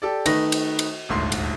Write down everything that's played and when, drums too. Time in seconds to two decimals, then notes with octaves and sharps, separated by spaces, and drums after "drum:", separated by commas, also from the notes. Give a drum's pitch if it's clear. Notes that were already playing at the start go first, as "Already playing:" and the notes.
0.02 G4 A4 D5
0.26 D#3 A3 D#4 B4 A#6, drum: cymbal
0.52 drum: cymbal
0.79 drum: cymbal
1.09 D#1 G#1 D2 C6
1.32 drum: cymbal